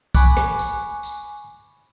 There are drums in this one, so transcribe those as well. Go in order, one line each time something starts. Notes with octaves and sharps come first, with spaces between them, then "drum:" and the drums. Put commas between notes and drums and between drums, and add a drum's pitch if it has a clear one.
G#5 B5 C#6 D6 F#6, drum: kick, tambourine
drum: rim click
drum: tambourine
drum: tambourine